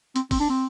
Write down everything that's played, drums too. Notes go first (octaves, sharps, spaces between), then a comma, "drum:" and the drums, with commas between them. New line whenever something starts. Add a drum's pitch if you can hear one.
C4, drum: hi-hat
C4, drum: kick, open hi-hat
D4
C4